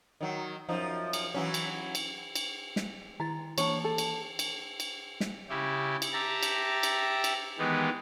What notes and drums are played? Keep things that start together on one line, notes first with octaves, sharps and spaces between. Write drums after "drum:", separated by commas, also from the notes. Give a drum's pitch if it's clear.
D#3 F#3
F#2 F3 D#4
drum: cymbal
E3 F#3 C#4
drum: cymbal
drum: cymbal
drum: cymbal
drum: snare
D#3 E4 A#5 A6
E3 A#3 D4 C#5 A5, drum: cymbal
A4
drum: cymbal
drum: cymbal
drum: cymbal
drum: snare
C#3 E4 G4
drum: cymbal
G4 E5 A5 A#5
drum: cymbal
drum: cymbal
drum: cymbal
D#3 E3 G#3 B3 G4